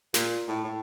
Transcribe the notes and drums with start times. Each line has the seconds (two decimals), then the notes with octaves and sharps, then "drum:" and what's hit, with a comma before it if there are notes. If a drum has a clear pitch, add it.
0.14 A#2, drum: snare
0.48 A2
0.64 A2